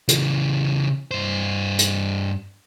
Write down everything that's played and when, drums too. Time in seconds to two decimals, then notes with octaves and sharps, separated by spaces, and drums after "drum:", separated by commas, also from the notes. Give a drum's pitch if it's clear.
0.08 C#3 E3, drum: hi-hat
1.11 G2 C5
1.79 drum: hi-hat